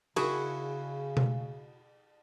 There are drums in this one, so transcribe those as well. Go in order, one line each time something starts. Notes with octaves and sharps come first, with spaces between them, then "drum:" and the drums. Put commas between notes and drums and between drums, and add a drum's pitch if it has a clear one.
C#3 E4 F#4 G#4 A5, drum: cymbal
drum: tom B2